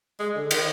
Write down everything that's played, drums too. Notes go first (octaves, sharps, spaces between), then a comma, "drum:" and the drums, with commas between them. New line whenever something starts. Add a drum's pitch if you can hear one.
G#3
D3
D#3, drum: cymbal